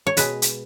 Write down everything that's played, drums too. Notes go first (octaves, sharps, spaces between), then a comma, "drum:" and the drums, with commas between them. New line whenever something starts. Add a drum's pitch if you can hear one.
C#5
B2 G#3 B4, drum: hi-hat
drum: hi-hat